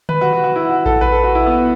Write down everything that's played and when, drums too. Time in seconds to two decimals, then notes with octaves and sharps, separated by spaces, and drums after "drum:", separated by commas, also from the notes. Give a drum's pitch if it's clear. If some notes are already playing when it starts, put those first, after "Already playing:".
0.09 B4, drum: tom D3
0.21 F#4
0.33 F#4
0.44 F#4
0.56 E4
0.70 F#4
0.86 A4, drum: kick A#1
1.01 B4
1.12 A4
1.24 F#4
1.35 E4
1.47 B3